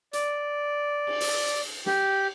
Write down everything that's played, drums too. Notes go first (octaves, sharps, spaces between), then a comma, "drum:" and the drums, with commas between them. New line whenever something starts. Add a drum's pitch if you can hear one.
D5, drum: hi-hat
drum: cymbal
drum: open hi-hat
G4, drum: snare